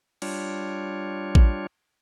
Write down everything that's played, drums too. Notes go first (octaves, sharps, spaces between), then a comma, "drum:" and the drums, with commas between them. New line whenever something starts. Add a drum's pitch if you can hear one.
G3 D4 F4 C#5, drum: cymbal
drum: kick A1